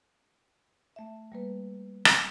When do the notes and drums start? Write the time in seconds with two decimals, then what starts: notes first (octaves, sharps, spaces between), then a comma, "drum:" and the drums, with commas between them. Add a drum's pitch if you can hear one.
0.96 A3 E5
1.32 G3 A#3 B4
2.05 drum: rim click